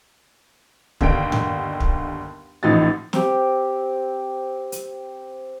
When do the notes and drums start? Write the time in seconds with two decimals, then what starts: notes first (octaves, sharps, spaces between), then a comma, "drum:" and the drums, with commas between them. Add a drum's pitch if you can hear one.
1.01 G1 D#2 D3 G5 D7, drum: kick
1.32 drum: tom G#2
1.80 drum: kick
2.63 A1 A2 F3 D#4 G4 A6
3.13 C4 G4, drum: snare
4.72 drum: hi-hat